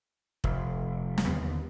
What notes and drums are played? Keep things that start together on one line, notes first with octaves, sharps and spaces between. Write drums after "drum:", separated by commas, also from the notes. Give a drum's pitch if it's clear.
F1, drum: kick
drum: snare
D#2 D3 B3